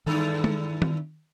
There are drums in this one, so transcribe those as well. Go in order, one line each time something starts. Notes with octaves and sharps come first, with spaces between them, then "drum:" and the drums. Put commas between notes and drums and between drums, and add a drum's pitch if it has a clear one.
E2 G2 D#3 A4
drum: tom
drum: tom D#3